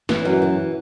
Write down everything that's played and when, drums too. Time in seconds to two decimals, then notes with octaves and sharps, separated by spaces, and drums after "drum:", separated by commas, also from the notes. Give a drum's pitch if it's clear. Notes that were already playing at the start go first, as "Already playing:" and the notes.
0.09 E3, drum: snare
0.25 F#2
0.42 E3